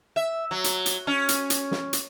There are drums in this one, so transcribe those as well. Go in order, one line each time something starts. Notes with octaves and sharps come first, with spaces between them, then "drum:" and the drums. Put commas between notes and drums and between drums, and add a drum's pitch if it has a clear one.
E5
F#3
drum: hi-hat
drum: hi-hat
C#4
drum: hi-hat
drum: hi-hat
drum: snare
drum: hi-hat